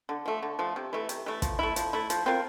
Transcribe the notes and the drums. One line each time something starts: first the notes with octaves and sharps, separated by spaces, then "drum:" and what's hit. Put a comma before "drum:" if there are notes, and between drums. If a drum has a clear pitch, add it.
D3
F3 A3
D3
F3 A3
C3
E3 A3
C3, drum: hi-hat
E3 A3
F3, drum: kick, hi-hat
A3 E4
F3, drum: hi-hat
A3 E4
F3, drum: hi-hat
C4 F4 A#4